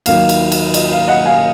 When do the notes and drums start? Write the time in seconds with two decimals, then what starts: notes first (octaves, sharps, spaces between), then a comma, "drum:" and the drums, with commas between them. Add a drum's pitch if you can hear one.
0.06 D#2 D#3 F#3 F5, drum: cymbal
0.29 drum: cymbal
0.52 drum: cymbal
0.74 D#5, drum: cymbal
0.91 F5
1.08 D#5 F#5
1.25 F5 G#5